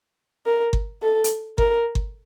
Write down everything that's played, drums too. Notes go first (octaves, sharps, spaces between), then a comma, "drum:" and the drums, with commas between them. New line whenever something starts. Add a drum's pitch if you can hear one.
A#4
drum: kick G1
A4
drum: hi-hat
A#4, drum: kick G1
drum: kick G1